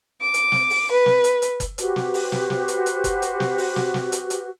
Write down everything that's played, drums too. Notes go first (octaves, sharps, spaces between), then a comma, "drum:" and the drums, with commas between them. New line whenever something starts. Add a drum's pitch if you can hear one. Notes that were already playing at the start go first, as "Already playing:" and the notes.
D6
drum: hi-hat
drum: snare
drum: open hi-hat
B4
drum: snare
drum: hi-hat
drum: hi-hat
drum: kick F#1, hi-hat
F#4 G4 B4 C5, drum: hi-hat
drum: snare
drum: open hi-hat
drum: snare
drum: snare
drum: hi-hat
drum: hi-hat
drum: kick F#1, hi-hat
drum: hi-hat
drum: snare
drum: open hi-hat
drum: snare
drum: snare
drum: hi-hat
drum: hi-hat